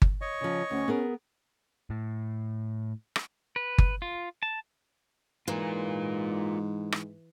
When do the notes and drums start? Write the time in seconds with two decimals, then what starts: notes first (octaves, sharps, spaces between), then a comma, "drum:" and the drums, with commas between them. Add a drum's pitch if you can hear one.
0.02 drum: kick G1
0.21 C#5 D#5 C#6
0.41 C#3 F3 C#4
0.71 D2 C#4 F#5
0.88 B3 G#4 A#4
1.90 A2
3.16 drum: rim click
3.56 B4
3.78 drum: kick G1
4.02 F4
4.43 A5
5.48 G#2 E3 F4 A#4
6.92 drum: rim click